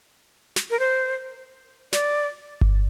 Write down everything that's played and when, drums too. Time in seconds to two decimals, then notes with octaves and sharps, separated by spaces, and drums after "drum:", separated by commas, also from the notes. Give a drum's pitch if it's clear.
0.56 drum: snare
0.70 A#4
0.79 C5
1.93 D5, drum: snare
2.61 drum: kick G1